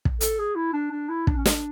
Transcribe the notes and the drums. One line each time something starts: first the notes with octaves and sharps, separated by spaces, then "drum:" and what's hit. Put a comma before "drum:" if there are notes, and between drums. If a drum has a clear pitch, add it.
drum: kick
A4, drum: hi-hat
G#4
E4
D4
D4
E4
D4, drum: kick
C#4
D4, drum: snare